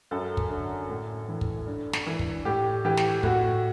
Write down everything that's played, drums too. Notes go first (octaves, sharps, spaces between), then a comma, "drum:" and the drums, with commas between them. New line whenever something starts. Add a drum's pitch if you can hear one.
F#2 A4
drum: kick
D3
A2
E3
drum: kick
G2
drum: snare
E3
drum: kick
A2 G4
E3 G4
drum: snare
A2 F#4, drum: kick